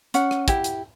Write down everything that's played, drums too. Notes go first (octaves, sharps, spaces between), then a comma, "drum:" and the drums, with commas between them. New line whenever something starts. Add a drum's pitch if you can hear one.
C#4 F#5, drum: hi-hat
drum: rim click
E4 G4, drum: kick, hi-hat
drum: hi-hat